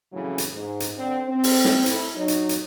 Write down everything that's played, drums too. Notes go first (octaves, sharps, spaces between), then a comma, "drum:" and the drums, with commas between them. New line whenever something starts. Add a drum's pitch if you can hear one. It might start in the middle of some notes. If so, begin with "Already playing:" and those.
F2 A2 C#3 E3 F#3 A3
drum: hi-hat
G#2
drum: hi-hat
D3 C4
C4
drum: open hi-hat
drum: snare
A3 E4, drum: hi-hat
F#3 D#4 C#5
drum: hi-hat
drum: hi-hat